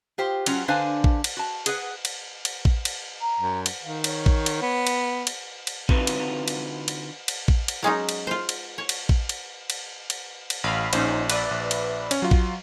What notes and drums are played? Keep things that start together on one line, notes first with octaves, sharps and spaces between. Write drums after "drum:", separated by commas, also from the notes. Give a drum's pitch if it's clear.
F4 G4 C5
F#3 C#4 F4 F#5, drum: cymbal
D3 D4 B4 C5 F5 G#5
drum: kick A1
drum: cymbal
F#4 A5
G#4 B4 F#5, drum: cymbal
drum: cymbal
drum: cymbal
drum: kick A1
drum: cymbal
A#5
F#2
drum: cymbal
D#3 F5
C#5, drum: cymbal
drum: kick A1
drum: cymbal
B3
drum: cymbal
drum: cymbal
drum: cymbal
D3 C4 D#4 F4 F#4 B4, drum: kick A1
drum: cymbal
drum: cymbal
drum: cymbal
drum: cymbal
drum: kick A1
drum: cymbal
F#3 G#3 C#4 D#4
drum: cymbal
F4 C5
drum: cymbal
C#5
drum: cymbal
drum: kick A1
drum: cymbal
drum: cymbal
drum: cymbal
drum: cymbal
A1 F5 B5
A#1 C#4 D#4 C5, drum: cymbal
B4 D5 E5, drum: cymbal
A#1
drum: cymbal
C#4, drum: cymbal
F#3 F4
drum: kick A1